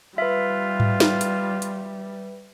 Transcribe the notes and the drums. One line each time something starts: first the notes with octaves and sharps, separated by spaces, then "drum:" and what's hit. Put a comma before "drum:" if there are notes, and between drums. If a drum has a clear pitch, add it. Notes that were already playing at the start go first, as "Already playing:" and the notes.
G3 F4 B4 E5
drum: tom G#2
drum: snare
drum: hi-hat
drum: hi-hat